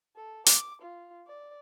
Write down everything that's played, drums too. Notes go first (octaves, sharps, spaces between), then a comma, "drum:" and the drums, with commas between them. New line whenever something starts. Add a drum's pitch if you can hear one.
A4
D6, drum: hi-hat
F4
D5